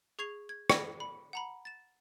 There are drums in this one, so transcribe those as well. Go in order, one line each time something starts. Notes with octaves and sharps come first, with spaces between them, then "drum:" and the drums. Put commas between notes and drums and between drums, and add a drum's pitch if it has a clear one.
G#4 C#6 G#6 C7 F7
G#6
B5 G#6 A#6, drum: rim click
B5
F#5 A#5 B5
A6 E7